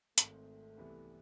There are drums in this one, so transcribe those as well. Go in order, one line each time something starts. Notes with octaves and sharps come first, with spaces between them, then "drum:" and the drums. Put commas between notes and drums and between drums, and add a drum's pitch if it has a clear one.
G#1 G#2 G#3 A3 C4, drum: hi-hat
C2 C3 E3 B3